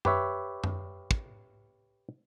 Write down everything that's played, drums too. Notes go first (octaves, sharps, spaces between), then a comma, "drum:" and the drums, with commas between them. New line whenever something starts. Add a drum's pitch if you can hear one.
G4 B4 C#5 E5, drum: tom F#2
drum: tom F#2
drum: kick